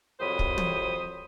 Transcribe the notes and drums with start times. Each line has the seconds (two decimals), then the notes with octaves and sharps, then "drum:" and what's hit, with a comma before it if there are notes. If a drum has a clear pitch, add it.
0.21 C2 F2 F#3 C5 B5 D#6
0.39 drum: kick
0.58 drum: tom